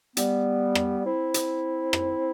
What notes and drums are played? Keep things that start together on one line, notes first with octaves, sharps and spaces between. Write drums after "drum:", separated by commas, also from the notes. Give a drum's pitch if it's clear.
G3 B3, drum: hi-hat
drum: rim click
C4 E4
drum: hi-hat
drum: rim click